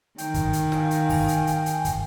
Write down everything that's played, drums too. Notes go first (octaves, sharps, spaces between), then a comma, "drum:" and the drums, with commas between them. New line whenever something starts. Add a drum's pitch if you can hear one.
D#3 G5, drum: hi-hat
drum: kick, hi-hat
drum: hi-hat
F5 G#5, drum: snare
drum: hi-hat
drum: kick, open hi-hat
drum: hi-hat
drum: hi-hat
drum: hi-hat
drum: kick, hi-hat